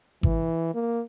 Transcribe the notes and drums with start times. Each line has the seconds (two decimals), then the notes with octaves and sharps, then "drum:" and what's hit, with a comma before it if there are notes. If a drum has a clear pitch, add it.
0.23 E3, drum: kick G#1
0.74 A#3